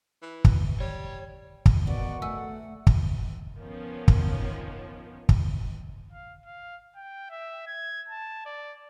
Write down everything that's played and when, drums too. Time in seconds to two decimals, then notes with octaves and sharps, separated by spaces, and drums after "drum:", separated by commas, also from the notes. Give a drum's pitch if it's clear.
0.22 E3
0.45 drum: kick
0.80 G3 C#5
1.66 drum: kick
1.87 B2 A#3 B3 F#4 D5
2.22 A3 E5 F#5 G#5 E6
2.87 drum: kick
3.58 D#3 F3 B3 C#4 C#5
4.08 drum: kick
5.29 drum: kick
6.12 F5
6.46 F5
6.96 G5
7.31 E5
7.67 G#6
8.09 A5
8.46 D5